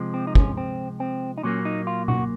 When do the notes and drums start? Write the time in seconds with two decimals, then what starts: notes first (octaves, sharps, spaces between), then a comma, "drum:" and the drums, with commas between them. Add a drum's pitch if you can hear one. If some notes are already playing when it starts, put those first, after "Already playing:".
Already playing: C3 F3 G#3
0.14 C4
0.27 D#4
0.35 C#4, drum: kick
0.57 C4
1.00 C4
1.38 D#4
1.43 A#2 F#3 A#3 C#4
1.65 D#4
1.87 F4
2.08 F#4, drum: tom B2